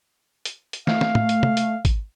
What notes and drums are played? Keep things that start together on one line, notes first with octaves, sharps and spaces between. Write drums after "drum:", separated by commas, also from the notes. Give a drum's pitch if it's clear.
drum: hi-hat
drum: hi-hat
A3 F5, drum: snare
drum: snare
drum: tom
drum: hi-hat
drum: tom
drum: hi-hat
drum: kick, hi-hat